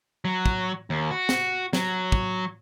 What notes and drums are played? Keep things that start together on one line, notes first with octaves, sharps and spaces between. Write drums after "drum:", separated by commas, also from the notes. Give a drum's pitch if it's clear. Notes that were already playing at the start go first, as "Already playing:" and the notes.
F#3
drum: kick
D#2
F#4
drum: snare
F#3, drum: snare
drum: kick